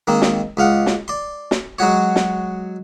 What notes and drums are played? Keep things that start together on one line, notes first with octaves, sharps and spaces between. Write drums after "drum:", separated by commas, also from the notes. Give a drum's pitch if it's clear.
D#3 G#3 A#3 C4
drum: snare
C#2 G#3 F5 F#5
drum: snare
D5 C6
drum: snare
F#3 G#3 F#4 C#5
drum: snare